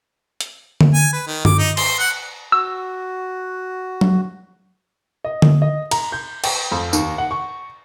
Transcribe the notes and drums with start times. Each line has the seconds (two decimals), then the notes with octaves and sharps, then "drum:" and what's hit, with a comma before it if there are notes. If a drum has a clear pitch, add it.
0.41 drum: hi-hat
0.81 drum: tom D3
0.94 G#5
1.13 B4
1.27 D#3
1.45 D6, drum: tom
1.58 D#4
1.77 C6, drum: cymbal
1.99 F#5
2.52 F#4 E6
4.01 drum: tom F#3
5.24 D#5
5.42 drum: tom D3
5.62 D#5
5.91 A#5, drum: cymbal
6.12 G6
6.44 G5, drum: cymbal
6.72 F2
6.93 D#2, drum: tambourine
7.18 F#5
7.31 C#6